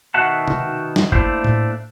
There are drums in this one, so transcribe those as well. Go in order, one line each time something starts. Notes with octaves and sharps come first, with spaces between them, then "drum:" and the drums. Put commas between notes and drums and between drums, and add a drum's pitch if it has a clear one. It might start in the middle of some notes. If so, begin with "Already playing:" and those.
B2 D#3 F#4 E5 F#5 A5
drum: tom C3
drum: snare
A3 A#3 D4 E4 C5, drum: kick
drum: tom A2